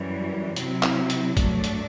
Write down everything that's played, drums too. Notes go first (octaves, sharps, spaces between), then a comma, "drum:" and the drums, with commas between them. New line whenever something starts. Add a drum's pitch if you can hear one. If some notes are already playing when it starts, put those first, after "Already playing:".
Already playing: F#2 E3 G3
C3 F#3 C4 E4, drum: hi-hat
drum: clap
drum: hi-hat
G2 F#3 A3 D4, drum: kick, hi-hat
drum: hi-hat